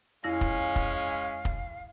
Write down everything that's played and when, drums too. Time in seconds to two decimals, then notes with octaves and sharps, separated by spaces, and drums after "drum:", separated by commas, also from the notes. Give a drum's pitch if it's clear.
0.24 F2 G#3 C#4 E4 F5 A#6
0.41 drum: kick
0.76 drum: kick
1.45 drum: kick